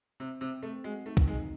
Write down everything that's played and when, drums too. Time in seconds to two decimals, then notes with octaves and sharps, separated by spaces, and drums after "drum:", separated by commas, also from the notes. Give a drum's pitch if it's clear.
0.20 C3 C4
0.41 C3 C4
0.63 A3 C4
0.84 G#3 F#4
1.06 A3 D#4
1.17 drum: kick
1.28 G#3 D#4